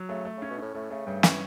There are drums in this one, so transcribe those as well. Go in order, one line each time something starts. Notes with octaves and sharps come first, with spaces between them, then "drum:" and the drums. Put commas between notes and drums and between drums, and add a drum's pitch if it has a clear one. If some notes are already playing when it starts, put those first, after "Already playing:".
Already playing: F#3
C#3 A3
A3
C#3 C#4
B2
A2 C#4
A2 A3
C#3 A3
G2 C#3
E3 C#4, drum: snare